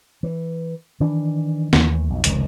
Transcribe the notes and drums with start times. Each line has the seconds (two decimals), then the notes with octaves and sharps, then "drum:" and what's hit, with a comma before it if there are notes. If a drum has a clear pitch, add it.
0.23 E3
1.00 D#3 E3 D4
1.73 D#2 E3 A3, drum: snare
2.08 B1 F2
2.24 F1 C#2 D#3, drum: hi-hat